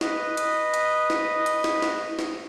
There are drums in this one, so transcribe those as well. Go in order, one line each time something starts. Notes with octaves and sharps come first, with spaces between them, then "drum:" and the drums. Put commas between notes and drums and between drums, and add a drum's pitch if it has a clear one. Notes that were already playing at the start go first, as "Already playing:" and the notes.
B4 D#5, drum: snare
drum: hi-hat
drum: hi-hat
drum: snare
drum: hi-hat
drum: snare
drum: snare
drum: snare